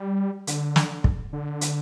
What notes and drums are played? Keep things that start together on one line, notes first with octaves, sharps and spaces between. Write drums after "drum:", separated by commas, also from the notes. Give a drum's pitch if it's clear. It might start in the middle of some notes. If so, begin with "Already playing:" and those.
Already playing: G3
D3, drum: hi-hat
drum: snare
drum: kick
D3
drum: hi-hat